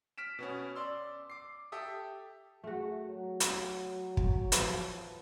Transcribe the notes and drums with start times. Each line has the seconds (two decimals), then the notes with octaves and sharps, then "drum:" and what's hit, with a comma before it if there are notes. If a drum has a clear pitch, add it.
0.18 F6 B6 D7 E7
0.39 B2 B3 C#4
0.76 D5 C6 E6
1.30 D6 C7
1.72 G4 A4 E5 D#6
2.64 A3 F#4 G#4
3.08 F#3
3.40 drum: hi-hat
4.17 drum: kick
4.52 E3 F3 E4, drum: hi-hat